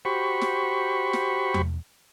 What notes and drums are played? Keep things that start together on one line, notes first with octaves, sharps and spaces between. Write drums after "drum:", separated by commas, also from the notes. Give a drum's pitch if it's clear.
F#4 G4 C5 B5 C#6
drum: snare
drum: snare
drum: tom E2